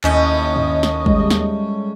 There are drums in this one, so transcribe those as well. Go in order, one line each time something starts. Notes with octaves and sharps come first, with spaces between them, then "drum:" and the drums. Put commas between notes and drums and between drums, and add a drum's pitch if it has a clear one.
D#2 A2 C#4 D#5, drum: clap
drum: tom G2
drum: snare
G3 G#3, drum: kick
drum: snare